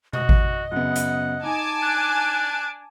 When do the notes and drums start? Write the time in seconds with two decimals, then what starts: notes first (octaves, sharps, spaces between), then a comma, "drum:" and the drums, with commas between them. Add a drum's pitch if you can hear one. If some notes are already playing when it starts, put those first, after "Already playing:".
0.13 F#4 D#5, drum: tom B2
0.29 drum: kick G#1
0.72 F#2 C#3 B3 F#5
0.96 drum: hi-hat
1.43 D#4 G#5 A5 D6
1.83 D4 F#6